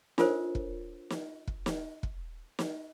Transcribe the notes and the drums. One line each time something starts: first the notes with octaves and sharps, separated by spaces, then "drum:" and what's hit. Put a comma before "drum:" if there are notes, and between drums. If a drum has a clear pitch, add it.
D4 F4 A4 A#4 C5 C#5, drum: snare
drum: kick
drum: snare
drum: kick
drum: snare
drum: kick
drum: snare